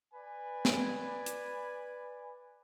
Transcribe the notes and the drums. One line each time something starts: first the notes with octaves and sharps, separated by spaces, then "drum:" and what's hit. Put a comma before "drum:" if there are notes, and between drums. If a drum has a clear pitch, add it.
B4 D5 G#5 B5
drum: snare
drum: hi-hat